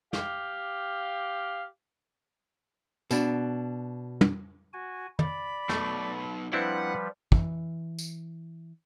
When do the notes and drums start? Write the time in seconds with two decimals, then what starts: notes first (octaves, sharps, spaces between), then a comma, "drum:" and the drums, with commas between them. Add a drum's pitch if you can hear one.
0.13 G4 F5, drum: snare
3.11 B2 D4, drum: tambourine
4.21 drum: tom
4.73 F#4 G#5
5.19 D5 B5, drum: tom
5.69 B1 B2 A3, drum: snare
6.53 F3 G3 C4 D4 E4 B4 F#5
7.32 E3, drum: kick
7.99 drum: tambourine